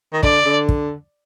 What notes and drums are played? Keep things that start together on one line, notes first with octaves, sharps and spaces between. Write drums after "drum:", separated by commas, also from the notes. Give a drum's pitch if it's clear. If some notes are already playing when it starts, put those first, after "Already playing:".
D#3
D3 D5, drum: kick
D3
drum: kick